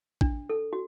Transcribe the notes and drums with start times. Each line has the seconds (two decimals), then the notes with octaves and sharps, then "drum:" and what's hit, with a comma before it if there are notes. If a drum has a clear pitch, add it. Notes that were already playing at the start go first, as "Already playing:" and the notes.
0.21 D4, drum: kick
0.50 A4
0.73 F#4